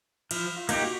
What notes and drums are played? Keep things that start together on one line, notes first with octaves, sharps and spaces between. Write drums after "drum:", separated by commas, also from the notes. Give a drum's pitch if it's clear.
F3 E4 E5, drum: cymbal
F4 F5
A#3 D#4 G4, drum: cymbal
F#4 F#5